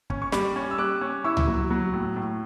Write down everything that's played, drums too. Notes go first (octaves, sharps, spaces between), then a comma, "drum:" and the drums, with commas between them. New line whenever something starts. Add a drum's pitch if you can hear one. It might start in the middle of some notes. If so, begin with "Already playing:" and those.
C#4, drum: kick
C#6
G3 B5 D6, drum: snare
C#4
E6
G3 D6 F#6
C#4
E4 C#6 E6
drum: tom C#2
F#3
F#3
A2
A2